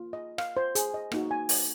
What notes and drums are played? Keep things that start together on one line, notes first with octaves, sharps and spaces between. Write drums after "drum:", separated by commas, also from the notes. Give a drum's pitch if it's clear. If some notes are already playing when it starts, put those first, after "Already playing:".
Already playing: A#3 F4
D#5
F5, drum: rim click
C5
G#4, drum: hi-hat
D#5
A#3 D#4 F#4, drum: rim click
G#5
drum: open hi-hat